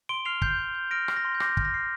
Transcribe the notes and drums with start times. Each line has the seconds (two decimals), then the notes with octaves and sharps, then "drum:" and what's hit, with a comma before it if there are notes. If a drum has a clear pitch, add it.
0.09 C6 D7 G7
0.25 F6 C7 F7
0.42 G6 C7, drum: kick
0.59 G6
0.75 G6
0.91 F6 A#6 D7
1.08 F6, drum: rim click
1.16 A#6
1.25 C6
1.35 G6
1.40 D6 A#6, drum: rim click
1.57 F6, drum: kick
1.65 A#6
1.74 F6 C7